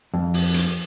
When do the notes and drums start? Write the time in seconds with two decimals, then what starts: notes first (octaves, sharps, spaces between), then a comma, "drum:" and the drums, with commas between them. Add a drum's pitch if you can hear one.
0.14 F2
0.34 drum: open hi-hat
0.54 drum: hi-hat